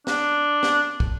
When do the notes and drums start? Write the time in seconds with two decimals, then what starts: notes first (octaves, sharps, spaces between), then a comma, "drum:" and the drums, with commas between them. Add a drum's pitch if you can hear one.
0.07 D4, drum: snare
0.63 drum: snare
1.00 drum: kick